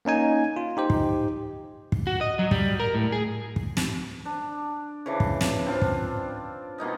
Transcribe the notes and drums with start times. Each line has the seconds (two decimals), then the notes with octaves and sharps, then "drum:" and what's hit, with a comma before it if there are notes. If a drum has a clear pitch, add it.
0.05 A#3 C#4 D#4 G#5
0.56 F4
0.77 D#4 G4 C5
0.90 drum: kick
1.92 drum: kick
2.07 F#4
2.21 D#5
2.39 F#3
2.51 G3, drum: kick
2.80 A#4
2.95 A2
3.12 G#4
3.56 drum: kick
3.77 drum: snare
4.25 D4
5.06 C#3 E3 D4
5.20 drum: kick
5.41 drum: snare
5.66 C4 D4 F4
5.82 drum: kick
6.78 B2 A#3 D#4 D#5